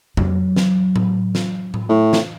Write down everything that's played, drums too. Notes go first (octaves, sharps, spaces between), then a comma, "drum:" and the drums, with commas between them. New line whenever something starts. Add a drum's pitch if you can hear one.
F#3, drum: tom F2
drum: snare
drum: tom A2
drum: snare
drum: tom A2
A2
drum: snare